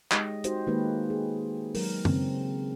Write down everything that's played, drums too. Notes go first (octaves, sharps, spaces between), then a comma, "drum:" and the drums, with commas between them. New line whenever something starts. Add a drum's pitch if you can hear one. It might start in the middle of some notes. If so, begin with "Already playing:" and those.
G#3 D#4 G4 D#5, drum: clap
D#4 F#4 G4 C5, drum: hi-hat
D#3 G#3 A#3 D#4 G4 B4
G#4
F#3 G#3 A#4, drum: open hi-hat
C#3 C4, drum: tom